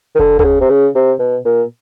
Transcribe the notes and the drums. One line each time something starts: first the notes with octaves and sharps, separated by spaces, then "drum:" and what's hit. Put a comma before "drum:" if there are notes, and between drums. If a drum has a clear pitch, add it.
D#3
D3, drum: kick E1
D3, drum: tom D2
C#3
C3
C#3
C3
B2
A#2